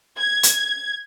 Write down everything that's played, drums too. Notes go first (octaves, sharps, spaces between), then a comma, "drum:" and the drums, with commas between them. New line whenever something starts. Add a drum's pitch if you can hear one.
G#6
drum: hi-hat